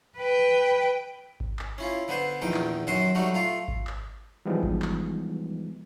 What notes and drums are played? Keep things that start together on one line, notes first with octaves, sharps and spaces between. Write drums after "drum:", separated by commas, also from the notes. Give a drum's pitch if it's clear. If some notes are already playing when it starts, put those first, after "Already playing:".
B4 G5
drum: kick G#1
drum: clap
C#4 E4 F4
D3 B3 B4 C5
A#1 E2 D#3 D#4 G5
drum: clap
F#2 D#3 F#4 E5 C6
F#3 G3 A3 D#4 F#4
A3 F4 F5
drum: kick G#1
drum: clap
E3 F3 G3 G#3 B3 D#4
drum: kick G#1
drum: clap